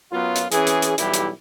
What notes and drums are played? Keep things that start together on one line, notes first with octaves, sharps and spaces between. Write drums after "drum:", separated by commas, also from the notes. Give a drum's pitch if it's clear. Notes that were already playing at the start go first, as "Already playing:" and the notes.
F#2 F#3 B3 F4
drum: hi-hat
E3 C#4 G#4, drum: hi-hat
drum: hi-hat
drum: hi-hat
B1 E3 G3 E4 G4, drum: hi-hat
drum: hi-hat